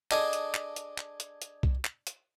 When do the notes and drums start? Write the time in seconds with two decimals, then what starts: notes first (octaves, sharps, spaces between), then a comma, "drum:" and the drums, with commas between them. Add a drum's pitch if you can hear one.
0.11 D4 G#4 A4 D#5, drum: clap
0.33 drum: hi-hat
0.55 drum: clap
0.76 drum: hi-hat
0.98 drum: clap
1.20 drum: hi-hat
1.42 drum: hi-hat
1.63 drum: kick C2
1.85 drum: clap
2.07 drum: hi-hat